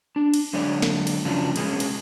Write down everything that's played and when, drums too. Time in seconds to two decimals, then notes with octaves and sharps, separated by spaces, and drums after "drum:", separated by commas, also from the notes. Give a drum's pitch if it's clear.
0.16 D4
0.34 drum: cymbal
0.53 D3 F#3 G#3 C#5 D5
0.82 drum: snare
1.07 drum: cymbal
1.25 C#3 F3 F#3 D4
1.56 B2 G#3 C4 C#4, drum: cymbal
1.80 drum: cymbal